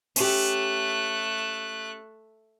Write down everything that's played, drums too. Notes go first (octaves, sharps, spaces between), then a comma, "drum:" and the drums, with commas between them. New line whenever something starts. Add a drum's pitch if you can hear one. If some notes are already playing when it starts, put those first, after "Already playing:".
A3 C#4 G4 F#6, drum: open hi-hat